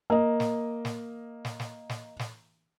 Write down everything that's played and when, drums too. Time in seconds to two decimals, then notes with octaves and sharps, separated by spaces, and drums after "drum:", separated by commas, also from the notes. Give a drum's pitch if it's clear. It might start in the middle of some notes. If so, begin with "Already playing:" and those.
0.10 A#3 D#5
0.40 drum: snare
0.85 drum: snare
1.45 drum: snare
1.60 drum: snare
1.89 drum: snare
2.19 drum: snare